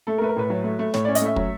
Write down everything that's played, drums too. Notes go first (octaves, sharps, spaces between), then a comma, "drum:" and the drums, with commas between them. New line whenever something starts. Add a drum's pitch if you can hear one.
A3 A4
A#4
A3 B4
A#4
A2 B4
F#3
A3
A3
A2 C#5, drum: snare
C#4 D5
D#5, drum: hi-hat
A3 E5
F#3, drum: kick